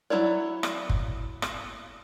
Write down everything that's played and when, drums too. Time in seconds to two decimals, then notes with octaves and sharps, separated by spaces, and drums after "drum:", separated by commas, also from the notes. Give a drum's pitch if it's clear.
0.10 F#3 A3 E4 C#5 D5
0.63 drum: rim click
0.89 drum: kick
1.42 drum: rim click